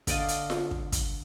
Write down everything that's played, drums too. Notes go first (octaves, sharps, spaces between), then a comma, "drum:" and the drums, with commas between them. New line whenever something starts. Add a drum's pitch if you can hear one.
D3 D5 D#5 F5, drum: kick, hi-hat
drum: hi-hat
drum: snare F4
drum: kick
drum: kick, hi-hat